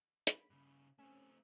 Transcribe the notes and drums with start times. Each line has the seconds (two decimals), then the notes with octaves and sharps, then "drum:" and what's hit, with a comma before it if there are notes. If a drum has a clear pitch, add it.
0.27 B5, drum: hi-hat
0.50 G2 C#3
0.98 A3 C4 C#4